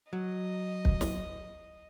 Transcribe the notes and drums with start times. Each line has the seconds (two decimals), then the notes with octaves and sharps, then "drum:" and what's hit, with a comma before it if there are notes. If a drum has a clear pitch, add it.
0.13 F#3 D#5
0.85 drum: kick
1.01 drum: snare